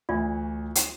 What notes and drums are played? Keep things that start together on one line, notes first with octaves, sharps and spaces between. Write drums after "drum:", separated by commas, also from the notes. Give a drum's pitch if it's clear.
D2 E3 F4 D5
drum: hi-hat